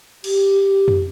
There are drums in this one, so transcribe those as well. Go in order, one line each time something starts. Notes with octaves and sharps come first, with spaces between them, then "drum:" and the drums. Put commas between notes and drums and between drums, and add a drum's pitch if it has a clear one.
G4, drum: cymbal
drum: tom F2